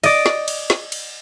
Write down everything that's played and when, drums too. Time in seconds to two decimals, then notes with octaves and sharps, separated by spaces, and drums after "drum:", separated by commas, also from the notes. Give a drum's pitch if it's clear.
0.04 D5 D#5, drum: cymbal
0.26 drum: snare
0.48 drum: cymbal
0.70 drum: snare
0.92 drum: cymbal